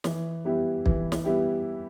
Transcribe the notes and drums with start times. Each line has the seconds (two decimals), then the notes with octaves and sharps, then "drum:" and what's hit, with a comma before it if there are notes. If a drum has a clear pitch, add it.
0.04 E3, drum: snare
0.45 G3 B3 E4 G4
0.86 E3, drum: kick
1.12 drum: snare
1.25 G3 B3 E4 G4